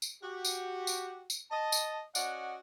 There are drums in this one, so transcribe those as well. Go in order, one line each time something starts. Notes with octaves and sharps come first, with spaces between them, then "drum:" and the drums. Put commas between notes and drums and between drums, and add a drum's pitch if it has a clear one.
drum: tambourine
F#4 G4
drum: tambourine
drum: tambourine
drum: tambourine
D#5 A5
drum: tambourine
C#4 F#4 D5 D#5 F#5, drum: tambourine